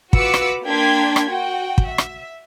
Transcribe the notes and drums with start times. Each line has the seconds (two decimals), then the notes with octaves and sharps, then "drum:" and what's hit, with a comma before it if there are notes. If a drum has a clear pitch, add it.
0.13 F4 F#4 B4 D6 E6 C#7, drum: kick
0.34 drum: rim click
0.65 A#3 D4 G5 C6 G#6 B6
1.16 drum: rim click
1.29 F#4 G5
1.78 drum: kick
1.88 E5
1.98 drum: rim click